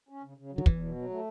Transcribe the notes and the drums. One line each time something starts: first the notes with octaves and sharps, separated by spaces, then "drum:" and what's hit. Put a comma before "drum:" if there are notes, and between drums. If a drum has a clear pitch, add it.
C#4
C#3
C#3
F#3
D3
E2 E3, drum: kick
B2
F#3
A3